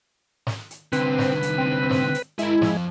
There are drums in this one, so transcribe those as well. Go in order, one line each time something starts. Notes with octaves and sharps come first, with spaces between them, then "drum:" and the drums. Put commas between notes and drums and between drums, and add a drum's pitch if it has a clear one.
drum: snare
drum: hi-hat
C2 D3 C4 B4, drum: hi-hat
drum: snare
drum: hi-hat
C4
drum: snare
drum: hi-hat
G#3 E4 G#4 A#4, drum: hi-hat
F2 F3, drum: snare